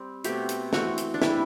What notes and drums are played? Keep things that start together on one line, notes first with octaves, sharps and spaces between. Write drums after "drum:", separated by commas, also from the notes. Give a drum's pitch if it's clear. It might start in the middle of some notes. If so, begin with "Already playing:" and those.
Already playing: G3 C4
B2 A3 C4 G4, drum: hi-hat
drum: hi-hat
E3 A3 C4 F#4, drum: snare
drum: hi-hat
D4
C3 E3 G3 E4, drum: snare